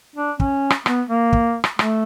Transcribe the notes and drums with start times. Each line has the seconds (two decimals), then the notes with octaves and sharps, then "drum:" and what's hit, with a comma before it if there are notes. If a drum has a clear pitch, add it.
0.16 D4
0.40 C#4, drum: kick
0.70 drum: rim click
0.86 B3, drum: rim click
1.10 A#3
1.33 drum: kick
1.64 drum: rim click
1.79 A3, drum: rim click